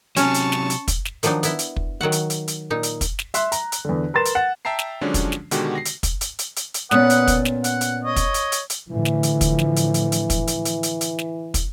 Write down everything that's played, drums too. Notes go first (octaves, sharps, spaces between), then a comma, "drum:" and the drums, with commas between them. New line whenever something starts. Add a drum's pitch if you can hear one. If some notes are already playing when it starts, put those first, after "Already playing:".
C3 F#3 C#4 A5 C#6, drum: hi-hat
drum: hi-hat
drum: snare
drum: hi-hat
drum: kick, hi-hat
drum: snare
D#3 F3 F#3 D4 D#4, drum: hi-hat
B3 E4, drum: hi-hat
drum: hi-hat
drum: kick
D#3 F#3 F#4 F#5
drum: hi-hat
drum: hi-hat
drum: hi-hat
A#2 D#4
drum: hi-hat
drum: kick, hi-hat
drum: snare
E5 C6 F#6, drum: hi-hat
A#5, drum: hi-hat
drum: hi-hat
E2 D3
A#4 B4 C6 A6 E7
drum: hi-hat
F#5
E5 G5 A5 A#5 C7
drum: snare
D3 F3 F#3 G#3 C#4 D4
drum: kick, hi-hat
drum: snare
B2 D3 D#3 G#3 F#4 G4, drum: hi-hat
A#6 C7
drum: hi-hat
drum: kick, hi-hat
drum: hi-hat
drum: hi-hat
drum: hi-hat
drum: hi-hat
A#2 B3 C#4 B4 F#5 D#6, drum: snare
drum: hi-hat
drum: kick, hi-hat
drum: snare
F#5, drum: hi-hat
drum: hi-hat
C#5 D#5
drum: kick, hi-hat
drum: hi-hat
drum: hi-hat
drum: hi-hat
A2 D3 E3 F3
drum: snare
drum: hi-hat
drum: kick, hi-hat
drum: snare
drum: hi-hat
drum: hi-hat
drum: hi-hat
drum: kick, hi-hat
drum: hi-hat
drum: hi-hat
drum: hi-hat
drum: hi-hat
drum: snare
drum: kick, hi-hat